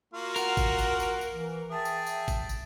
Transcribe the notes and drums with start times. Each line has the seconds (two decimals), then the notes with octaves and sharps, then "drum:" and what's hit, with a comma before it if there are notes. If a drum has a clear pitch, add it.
0.14 A#3 F4 F#4
0.36 A#4 F#5, drum: tambourine
0.57 drum: kick G#1, tambourine
0.79 drum: tambourine
1.00 drum: tambourine
1.21 drum: tambourine
1.34 E3
1.71 G#4 E5 G5 A5
1.85 drum: tambourine
2.07 drum: tambourine
2.28 drum: kick G#1, tambourine
2.49 drum: tambourine